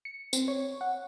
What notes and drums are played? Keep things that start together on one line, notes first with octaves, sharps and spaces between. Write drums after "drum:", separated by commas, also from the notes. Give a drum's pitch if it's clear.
C#7
C4, drum: tambourine
C#5
F#5